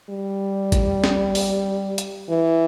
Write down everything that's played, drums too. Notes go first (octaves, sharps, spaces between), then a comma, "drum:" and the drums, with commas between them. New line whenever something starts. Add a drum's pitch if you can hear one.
G3
drum: kick, hi-hat
drum: snare
drum: open hi-hat
drum: hi-hat
E3